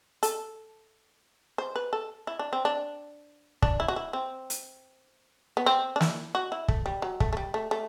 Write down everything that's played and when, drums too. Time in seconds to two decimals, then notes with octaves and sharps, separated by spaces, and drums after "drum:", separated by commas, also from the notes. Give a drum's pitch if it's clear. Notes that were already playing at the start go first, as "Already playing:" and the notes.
0.23 A4, drum: hi-hat
1.58 C5
1.76 B4
1.93 A4
2.27 E4
2.39 D4
2.53 C4
2.65 D4
3.62 D4, drum: kick
3.80 E4
3.88 F#4
3.96 E4
4.13 C4
4.50 drum: hi-hat
5.57 B3
5.66 C4
5.96 D4
6.01 E4, drum: snare
6.35 F#4
6.52 E4
6.68 A3, drum: kick
6.86 G3
7.02 F#3
7.20 A3, drum: kick
7.33 A3
7.37 G3
7.54 A3
7.71 A3